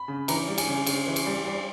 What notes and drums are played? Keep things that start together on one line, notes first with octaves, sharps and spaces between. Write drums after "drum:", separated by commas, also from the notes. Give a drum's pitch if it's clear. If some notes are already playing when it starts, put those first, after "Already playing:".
Already playing: B5
C#3
E3 A#5, drum: cymbal
G3
G#5, drum: cymbal
C#3
C#3, drum: cymbal
E3
drum: cymbal
G3
G3